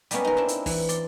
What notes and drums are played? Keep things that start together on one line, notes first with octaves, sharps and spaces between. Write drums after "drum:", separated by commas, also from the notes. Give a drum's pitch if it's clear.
G3 G#3 A#3 B3 C#4, drum: hi-hat
D#4 A#4
C4 D4 E4
drum: hi-hat
E3, drum: kick, open hi-hat
D5 C6, drum: hi-hat